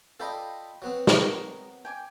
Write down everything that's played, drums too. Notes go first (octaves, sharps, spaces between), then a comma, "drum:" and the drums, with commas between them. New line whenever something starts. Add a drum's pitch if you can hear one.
F4 A4 D5 D#5 G5 B5
F#3 B3 C4
A#4 C#6 D#6, drum: snare
G5 G#5 D6